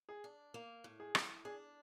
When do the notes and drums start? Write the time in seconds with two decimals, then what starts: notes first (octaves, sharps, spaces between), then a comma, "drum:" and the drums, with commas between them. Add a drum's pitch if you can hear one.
0.09 G#4
0.24 D4
0.54 A#3
0.84 A2
1.00 G#4
1.15 A2, drum: rim click
1.45 D4 G#4